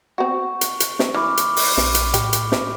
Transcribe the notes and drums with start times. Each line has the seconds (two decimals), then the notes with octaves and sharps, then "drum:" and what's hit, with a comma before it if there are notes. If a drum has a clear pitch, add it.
0.18 C4 F#4 C#6
0.61 drum: hi-hat
0.80 drum: hi-hat
0.99 drum: snare
1.14 E3 B5 D6 F6
1.37 drum: hi-hat
1.56 drum: open hi-hat
1.77 A#1, drum: snare
1.95 drum: hi-hat
2.14 A2 G4, drum: hi-hat
2.33 drum: hi-hat
2.52 drum: snare